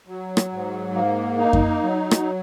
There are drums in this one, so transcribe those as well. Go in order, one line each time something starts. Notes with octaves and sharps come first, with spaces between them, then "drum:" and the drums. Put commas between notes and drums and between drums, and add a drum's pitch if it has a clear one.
F#3
drum: rim click
G#2
A#3
D#4
drum: kick F#2
F#3
drum: rim click